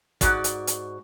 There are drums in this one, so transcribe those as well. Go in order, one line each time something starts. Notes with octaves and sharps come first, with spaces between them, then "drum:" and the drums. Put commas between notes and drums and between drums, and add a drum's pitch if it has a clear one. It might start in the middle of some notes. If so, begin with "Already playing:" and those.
G#2 F#4 D5, drum: kick, hi-hat
drum: hi-hat
drum: hi-hat